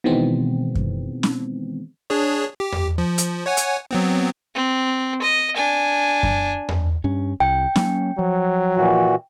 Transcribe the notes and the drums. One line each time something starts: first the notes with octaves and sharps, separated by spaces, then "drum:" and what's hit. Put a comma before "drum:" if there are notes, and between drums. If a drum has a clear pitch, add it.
B2 D#3 E3 G#3 B3 C4
drum: kick F#2
drum: snare C#4
D4 G#4 C#5
G4
drum: tom E2
F3
drum: hi-hat
C#5 F#5 G#5
drum: hi-hat
F#3 B3 C4
C4
D#5
D4 G#5
drum: kick F#2
drum: tom E2
G2 C#4
C2 G5
F#3 A#3 C#4, drum: snare C#4
F3 F#3
A#2 E3 F#4